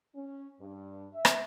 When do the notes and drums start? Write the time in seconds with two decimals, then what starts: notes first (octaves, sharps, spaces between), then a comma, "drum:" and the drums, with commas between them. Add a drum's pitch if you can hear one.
0.16 C#4
0.61 G2
1.13 E5
1.25 drum: rim click